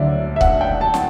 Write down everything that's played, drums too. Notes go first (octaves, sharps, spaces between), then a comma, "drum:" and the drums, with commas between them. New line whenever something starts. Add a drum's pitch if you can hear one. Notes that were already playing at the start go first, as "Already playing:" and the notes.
Already playing: D2 D3 F#3 D5 E5
E5
F#5, drum: kick C#1
G5
A5
drum: snare